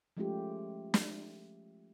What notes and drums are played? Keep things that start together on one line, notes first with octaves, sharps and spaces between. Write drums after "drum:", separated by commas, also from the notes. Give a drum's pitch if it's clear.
F3 G#3 A3 C#4 F4 G4
drum: snare